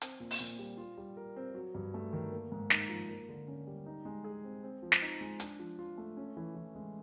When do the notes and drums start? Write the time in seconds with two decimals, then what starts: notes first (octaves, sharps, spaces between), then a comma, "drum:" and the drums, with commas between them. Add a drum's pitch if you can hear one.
0.02 C4, drum: hi-hat
0.20 A#2
0.31 drum: open hi-hat
0.40 A#2
0.59 G3
0.78 F4
0.97 G3
1.17 A#4
1.36 C4
1.55 F#3
1.75 G2
1.94 A3
2.13 D#3
2.32 A#3
2.52 G#2
2.70 D#4, drum: snare
2.89 F3
3.09 A#3
3.29 D3
3.48 C#4
3.67 G3
3.86 D#4
4.05 G#3
4.24 G#4
4.44 C4
4.63 C4
4.82 F3
4.92 drum: snare
5.01 D#4
5.21 G#3
5.40 D4, drum: hi-hat
5.59 F3
5.79 F4
5.98 A3
6.17 C#4
6.37 E3
6.55 E3
6.75 G#3